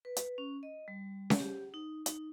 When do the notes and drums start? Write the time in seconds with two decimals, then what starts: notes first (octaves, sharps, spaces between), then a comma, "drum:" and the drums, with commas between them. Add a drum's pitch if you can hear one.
0.05 B4
0.17 drum: hi-hat
0.38 C#4
0.63 D#5
0.88 G3
1.30 drum: snare C#4
1.40 G4
1.74 D#4
2.06 D#4, drum: hi-hat